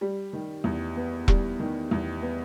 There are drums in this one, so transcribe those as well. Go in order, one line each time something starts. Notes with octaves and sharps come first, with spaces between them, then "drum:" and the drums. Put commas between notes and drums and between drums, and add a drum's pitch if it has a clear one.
G3
D#3
E2
B3
G3, drum: kick E1
D#3
E2
B3